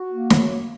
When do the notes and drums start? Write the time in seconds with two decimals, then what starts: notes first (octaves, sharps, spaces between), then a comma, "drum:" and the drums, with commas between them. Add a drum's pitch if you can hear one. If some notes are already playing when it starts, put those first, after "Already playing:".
Already playing: F#4
0.12 A#3
0.30 F#2, drum: snare
0.49 A#3